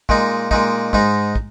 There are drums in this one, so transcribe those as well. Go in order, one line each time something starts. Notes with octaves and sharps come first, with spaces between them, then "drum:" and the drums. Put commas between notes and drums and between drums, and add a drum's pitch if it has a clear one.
A#2 G#3 D#4, drum: kick
A#2 G#3 D#4, drum: kick
G#2 G#3 D#4, drum: kick
drum: kick